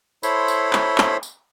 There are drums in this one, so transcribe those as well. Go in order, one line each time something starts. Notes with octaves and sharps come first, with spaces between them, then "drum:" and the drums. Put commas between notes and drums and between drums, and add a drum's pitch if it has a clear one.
E4 A4 C5 C#5 B5 C6, drum: tambourine
drum: tambourine
drum: clap
drum: clap
drum: tambourine